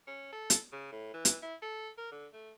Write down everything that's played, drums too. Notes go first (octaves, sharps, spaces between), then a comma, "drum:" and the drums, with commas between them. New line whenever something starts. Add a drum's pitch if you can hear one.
C#4
A4
drum: hi-hat
C#3
A2
E3
drum: hi-hat
E4
A4
A#4
D3
A3